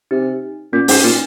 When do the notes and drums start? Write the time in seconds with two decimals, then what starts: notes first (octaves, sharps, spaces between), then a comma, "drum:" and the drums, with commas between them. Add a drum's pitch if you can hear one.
0.11 C3 D#4
0.73 A#2 C#4
0.88 G#2 C#4, drum: open hi-hat
1.04 A#2 D#4